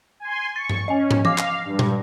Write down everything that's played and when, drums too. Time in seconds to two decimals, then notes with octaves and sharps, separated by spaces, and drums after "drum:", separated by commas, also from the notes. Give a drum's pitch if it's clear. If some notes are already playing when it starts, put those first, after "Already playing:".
0.20 G#5 C6
0.56 C#6 A6
0.69 drum: tom G2
0.88 C#4 D#5 G#5
1.11 drum: tom
1.25 F5 D6 A#6, drum: tom E3
1.38 drum: clap
1.65 G2
1.79 drum: tom A#2